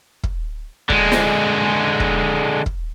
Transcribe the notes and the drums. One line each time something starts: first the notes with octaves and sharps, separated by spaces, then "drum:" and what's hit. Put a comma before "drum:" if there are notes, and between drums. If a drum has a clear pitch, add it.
drum: kick
D3 G#3, drum: kick
drum: snare
drum: kick
drum: kick